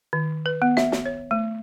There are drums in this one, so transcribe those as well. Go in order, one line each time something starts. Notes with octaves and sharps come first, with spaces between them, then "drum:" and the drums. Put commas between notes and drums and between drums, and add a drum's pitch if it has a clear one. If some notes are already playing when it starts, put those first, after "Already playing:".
D#3
B4
B3
E5, drum: snare
drum: snare
C#5
A3